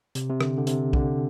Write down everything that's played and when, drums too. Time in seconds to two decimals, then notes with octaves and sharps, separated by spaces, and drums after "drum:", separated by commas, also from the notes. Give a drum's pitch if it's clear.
0.15 C3, drum: hi-hat
0.30 C3
0.41 D3, drum: rim click
0.58 D3
0.67 C3, drum: hi-hat
0.93 D3, drum: kick B1